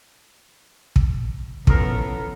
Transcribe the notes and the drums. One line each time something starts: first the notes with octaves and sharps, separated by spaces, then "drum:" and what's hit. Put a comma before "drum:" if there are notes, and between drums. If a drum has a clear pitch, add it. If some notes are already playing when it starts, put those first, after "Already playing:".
drum: kick
E3 F3 B3 C#4 A4 A#4, drum: kick